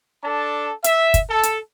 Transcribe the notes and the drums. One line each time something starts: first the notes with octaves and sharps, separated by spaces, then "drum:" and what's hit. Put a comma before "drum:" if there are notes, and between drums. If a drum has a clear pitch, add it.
D4 A4 A5
E5, drum: hi-hat
drum: kick, hi-hat
A4
drum: hi-hat